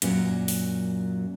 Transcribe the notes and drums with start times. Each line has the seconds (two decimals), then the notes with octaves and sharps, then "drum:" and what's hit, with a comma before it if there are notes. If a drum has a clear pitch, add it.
0.02 F#2 A#2 E3 F#3, drum: hi-hat
0.48 drum: open hi-hat